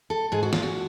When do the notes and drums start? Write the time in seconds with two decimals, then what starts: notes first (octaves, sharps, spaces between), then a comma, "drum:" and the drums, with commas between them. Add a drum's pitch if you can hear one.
0.10 A4
0.32 G#2 G#4
0.43 F#4
0.53 F4, drum: snare
0.63 F#4